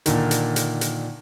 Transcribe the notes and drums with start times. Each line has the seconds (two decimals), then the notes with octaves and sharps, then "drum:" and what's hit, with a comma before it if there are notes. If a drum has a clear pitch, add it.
0.06 A#2 D3 D#3, drum: hi-hat
0.31 drum: hi-hat
0.56 drum: hi-hat
0.81 drum: hi-hat